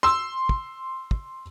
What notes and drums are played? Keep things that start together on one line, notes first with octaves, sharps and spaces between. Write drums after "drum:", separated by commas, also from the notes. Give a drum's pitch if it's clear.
C6 E6
drum: kick
drum: kick